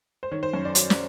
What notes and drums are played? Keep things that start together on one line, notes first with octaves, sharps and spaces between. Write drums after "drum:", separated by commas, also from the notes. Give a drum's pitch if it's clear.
C5
D#3 C#5
C5
F#2 C#5
D5
F#3, drum: hi-hat
drum: snare